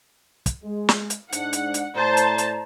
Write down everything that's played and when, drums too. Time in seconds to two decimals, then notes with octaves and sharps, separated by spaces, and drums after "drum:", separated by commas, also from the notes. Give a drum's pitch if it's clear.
0.46 drum: kick, hi-hat
0.64 G#3
0.89 drum: snare
1.10 drum: hi-hat
1.32 G#2 D4 F#5, drum: hi-hat
1.53 drum: hi-hat
1.74 drum: hi-hat
1.95 A2 C5 D5 A5 A#5
2.17 drum: hi-hat
2.38 drum: hi-hat